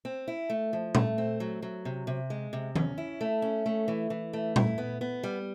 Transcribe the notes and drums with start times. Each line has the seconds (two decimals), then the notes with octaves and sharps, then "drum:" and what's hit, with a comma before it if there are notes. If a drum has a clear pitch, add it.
0.05 C4
0.28 E4
0.50 A3
0.73 F3
0.95 A3, drum: tom A#2
1.18 C4
1.40 F#3
1.62 F#3
1.85 C3
2.07 C3
2.30 G#3
2.53 C3
2.76 C#4, drum: tom D#3
2.98 E4
3.21 A3
3.42 C#4
3.66 A3
3.88 E3
4.10 E3
4.33 A3
4.56 E4, drum: tom A#2
4.78 B3
5.01 B3
5.23 G3